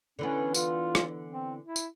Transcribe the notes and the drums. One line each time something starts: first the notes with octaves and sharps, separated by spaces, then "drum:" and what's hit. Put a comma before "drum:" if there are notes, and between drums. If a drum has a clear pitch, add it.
D3 E3 B3 C#4
F4, drum: tambourine
drum: rim click
C4
E4
drum: tambourine